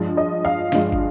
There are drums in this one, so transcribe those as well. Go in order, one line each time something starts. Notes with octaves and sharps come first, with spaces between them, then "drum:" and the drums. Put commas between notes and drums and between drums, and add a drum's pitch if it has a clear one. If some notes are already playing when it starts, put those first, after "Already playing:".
Already playing: G2 F3 G#3
D#5
F5
G2 F3 G#3, drum: snare
drum: kick